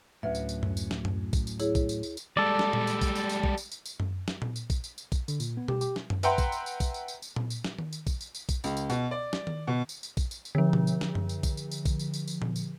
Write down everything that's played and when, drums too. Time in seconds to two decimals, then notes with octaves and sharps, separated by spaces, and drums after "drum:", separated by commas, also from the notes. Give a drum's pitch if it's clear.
0.23 D2 A2 F#3 C#4 B4 E5
0.35 drum: tambourine
0.49 drum: tambourine
0.63 drum: tom F#2
0.77 drum: tambourine
0.91 drum: snare
1.05 drum: tom F#2
1.33 drum: kick, tambourine
1.47 drum: tambourine
1.60 E4 G#4 C#5, drum: tambourine
1.75 drum: kick, tambourine
1.89 drum: tambourine
2.03 drum: tambourine
2.17 drum: tambourine
2.37 G3 G#3 A4 D5
2.59 drum: snare
2.73 drum: tom A#2
2.87 drum: tambourine
3.01 drum: kick, tambourine
3.15 drum: tambourine
3.29 drum: tambourine
3.43 drum: kick
3.58 drum: tambourine
3.72 drum: tambourine
3.86 drum: tambourine
4.00 drum: tom F#2
4.28 drum: snare
4.42 drum: tom A#2
4.56 drum: tambourine
4.70 drum: kick, tambourine
4.84 drum: tambourine
4.98 drum: tambourine
5.12 drum: kick, tambourine
5.28 D3, drum: tambourine
5.40 A#2, drum: tambourine
5.57 B3
5.68 G4, drum: tom B2
5.81 G4, drum: tambourine
5.96 drum: snare
6.10 drum: tom F#2
6.23 B4 E5 F#5 G5 A#5 C6, drum: tambourine
6.38 drum: kick, tambourine
6.52 drum: tambourine
6.66 drum: tambourine
6.80 drum: kick, tambourine
6.94 drum: tambourine
7.08 drum: tambourine
7.22 drum: tambourine
7.36 drum: tom A#2
7.50 drum: tambourine
7.64 drum: snare
7.79 drum: tom D#3
7.93 drum: tambourine
8.07 drum: kick, tambourine
8.21 drum: tambourine
8.35 drum: tambourine
8.49 drum: kick, tambourine
8.64 C#2, drum: tambourine
8.77 drum: tambourine
8.90 B2, drum: tambourine
9.11 D5
9.33 drum: snare
9.47 drum: tom D#3
9.67 B2
9.89 drum: tambourine
10.03 drum: tambourine
10.17 drum: kick, tambourine
10.31 drum: tambourine
10.45 drum: tambourine
10.55 D3 F3
10.73 drum: tom B2
10.87 drum: tambourine
11.01 drum: snare
11.15 drum: tom F#2
11.29 drum: tambourine
11.43 drum: kick, tambourine
11.57 drum: tambourine
11.71 drum: tambourine
11.85 drum: kick, tambourine
12.00 drum: tambourine
12.14 drum: tambourine
12.28 drum: tambourine
12.42 drum: tom A#2
12.56 drum: tambourine